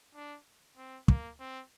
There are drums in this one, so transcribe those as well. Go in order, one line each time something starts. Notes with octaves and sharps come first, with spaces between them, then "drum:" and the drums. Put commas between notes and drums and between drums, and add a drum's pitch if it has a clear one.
D4
C4
A#3, drum: kick
C4